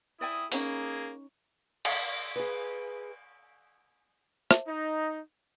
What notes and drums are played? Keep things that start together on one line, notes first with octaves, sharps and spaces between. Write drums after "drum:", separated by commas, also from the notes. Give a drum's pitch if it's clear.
E4 D5 G5 G#5 D#6
A#3 C#4 D#4 G#4 B5, drum: open hi-hat
drum: cymbal
G#4 B4
drum: rim click
D#4